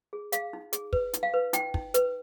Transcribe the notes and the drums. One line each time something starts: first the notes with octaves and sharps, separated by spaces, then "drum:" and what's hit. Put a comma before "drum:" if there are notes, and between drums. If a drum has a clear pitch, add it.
G#4
G#4 F5, drum: hi-hat
D#4
G#4, drum: hi-hat
B4, drum: kick
D#4, drum: hi-hat
F5
B4
D#4 G5, drum: hi-hat
D#4, drum: kick
B4, drum: hi-hat